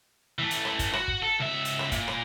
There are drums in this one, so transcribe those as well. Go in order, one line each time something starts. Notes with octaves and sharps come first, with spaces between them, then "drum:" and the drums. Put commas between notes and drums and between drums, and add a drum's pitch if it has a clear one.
E3 A3
drum: hi-hat
drum: rim click
drum: kick, hi-hat
F#4, drum: rim click
drum: kick
A4
C#2 E5
drum: hi-hat
drum: rim click
A#2, drum: kick, hi-hat
drum: rim click